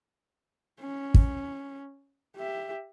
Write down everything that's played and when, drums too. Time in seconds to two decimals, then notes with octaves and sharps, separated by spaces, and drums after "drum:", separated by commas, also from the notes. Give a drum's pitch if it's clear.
0.80 C#4
1.14 drum: kick
2.36 G4 E5